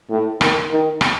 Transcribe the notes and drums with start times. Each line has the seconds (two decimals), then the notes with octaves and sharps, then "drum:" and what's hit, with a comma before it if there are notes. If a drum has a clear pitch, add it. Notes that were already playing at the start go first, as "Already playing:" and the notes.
0.10 A2
0.41 D#3, drum: rim click
0.71 D#3
1.01 drum: rim click